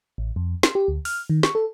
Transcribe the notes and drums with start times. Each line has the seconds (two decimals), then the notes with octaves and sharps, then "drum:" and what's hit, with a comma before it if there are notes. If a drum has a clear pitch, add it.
0.18 A1
0.36 F2
0.63 C6, drum: snare
0.75 G4
0.88 D2
1.05 F6, drum: open hi-hat
1.30 D#3
1.43 C#6, drum: snare
1.55 A4